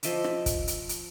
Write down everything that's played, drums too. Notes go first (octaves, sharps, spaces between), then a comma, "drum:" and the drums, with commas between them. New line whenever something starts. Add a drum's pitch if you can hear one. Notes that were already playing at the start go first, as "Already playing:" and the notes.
F3 D#5 E5 D6, drum: hi-hat
drum: rim click
drum: kick, hi-hat
drum: hi-hat
drum: hi-hat